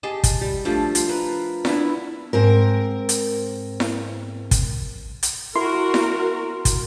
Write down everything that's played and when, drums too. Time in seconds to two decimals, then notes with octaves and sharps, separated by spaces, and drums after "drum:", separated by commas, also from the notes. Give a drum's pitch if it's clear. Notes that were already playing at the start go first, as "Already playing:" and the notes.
0.03 G4 G#4 D#5 A5
0.24 drum: kick, hi-hat
0.41 G3
0.65 F3 G3 A3 D4
0.95 F4, drum: hi-hat
1.09 A#4 B4
1.65 B3 D4 E4, drum: snare E4
2.33 G#2 C4 A#4
3.09 drum: hi-hat
3.80 drum: snare E4
4.51 drum: kick, hi-hat
5.23 drum: hi-hat
5.56 E4 F#4 A#4 C6
5.94 drum: snare E4
6.65 drum: kick, hi-hat